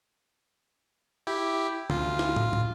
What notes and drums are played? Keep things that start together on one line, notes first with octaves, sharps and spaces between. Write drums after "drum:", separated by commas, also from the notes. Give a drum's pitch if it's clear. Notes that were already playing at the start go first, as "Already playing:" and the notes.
E4 G4
D2 F4, drum: tom
drum: snare
F4, drum: tom
drum: tom